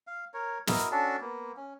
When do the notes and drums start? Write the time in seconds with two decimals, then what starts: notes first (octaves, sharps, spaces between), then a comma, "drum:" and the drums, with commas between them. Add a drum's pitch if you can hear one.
0.07 F5
0.34 A#4 C#5
0.67 E4 F#4 A#4 D#5, drum: snare
0.91 C#4 D4 F#4 A4
1.21 A#3 B3
1.57 C#4